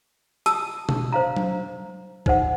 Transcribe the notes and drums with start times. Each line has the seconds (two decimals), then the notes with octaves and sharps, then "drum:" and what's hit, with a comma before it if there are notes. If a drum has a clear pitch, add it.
0.46 A5 D#6 E6, drum: hi-hat
0.89 drum: tom B2
1.12 C5 F5 A#5
1.37 drum: tom F#3
2.26 D#4 C5 F#5, drum: kick B1